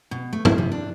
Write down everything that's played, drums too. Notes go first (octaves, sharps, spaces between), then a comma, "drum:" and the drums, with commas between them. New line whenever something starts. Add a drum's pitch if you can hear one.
B2
A3
E4, drum: tom
C3
D4